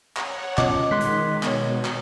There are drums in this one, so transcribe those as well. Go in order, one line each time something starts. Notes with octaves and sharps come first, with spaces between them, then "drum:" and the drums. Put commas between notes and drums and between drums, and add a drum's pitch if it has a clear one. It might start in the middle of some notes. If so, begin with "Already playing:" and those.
C#5 F#5, drum: clap
B2 C#4 F4 D#5 D6, drum: clap
D#3 G#3 C6 F#6 B6
drum: hi-hat
B2 B3 C#5, drum: clap
drum: clap